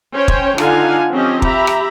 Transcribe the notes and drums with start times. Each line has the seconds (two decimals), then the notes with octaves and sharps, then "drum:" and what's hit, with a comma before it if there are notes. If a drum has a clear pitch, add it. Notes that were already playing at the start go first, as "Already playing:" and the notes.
0.14 C#4 C5 C#5 G5
0.28 drum: kick
0.58 D3 D#4 F4 F5 F#5 G#5, drum: rim click
1.12 F3 C4 C#4 G4 D#5
1.42 G4 E5 A#5 B5, drum: kick
1.67 drum: rim click